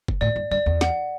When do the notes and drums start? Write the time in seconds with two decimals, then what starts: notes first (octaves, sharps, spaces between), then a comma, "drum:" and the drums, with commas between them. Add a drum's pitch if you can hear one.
0.08 drum: kick
0.21 A2 D5
0.36 G2
0.51 G2 D5
0.66 E2
0.81 F#5, drum: snare